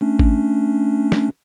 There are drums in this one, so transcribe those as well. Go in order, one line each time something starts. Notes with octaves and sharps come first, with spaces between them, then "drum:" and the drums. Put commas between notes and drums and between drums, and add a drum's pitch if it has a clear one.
A3 C#4 D4
drum: kick G#1
drum: snare